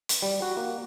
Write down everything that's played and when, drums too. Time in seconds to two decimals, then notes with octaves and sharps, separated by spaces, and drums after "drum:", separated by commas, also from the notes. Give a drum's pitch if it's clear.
0.09 drum: hi-hat
0.22 G3
0.42 F#4
0.57 A#3